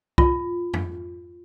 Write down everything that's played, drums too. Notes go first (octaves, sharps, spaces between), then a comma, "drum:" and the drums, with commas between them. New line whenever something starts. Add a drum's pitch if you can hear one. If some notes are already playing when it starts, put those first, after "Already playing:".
F4, drum: kick
drum: tom F2